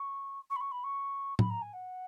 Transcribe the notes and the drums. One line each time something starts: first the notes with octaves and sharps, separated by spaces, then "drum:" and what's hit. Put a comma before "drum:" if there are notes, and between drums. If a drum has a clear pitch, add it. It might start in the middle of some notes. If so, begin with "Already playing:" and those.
Already playing: C#6
C#6
B5
C#6
B5
C#6
B5, drum: tom A2
A#5
G#5
F#5